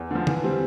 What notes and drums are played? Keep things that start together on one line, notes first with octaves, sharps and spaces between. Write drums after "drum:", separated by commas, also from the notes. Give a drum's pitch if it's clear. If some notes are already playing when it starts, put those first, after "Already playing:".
Already playing: E2
D3 F3
E3, drum: tom
G3 C4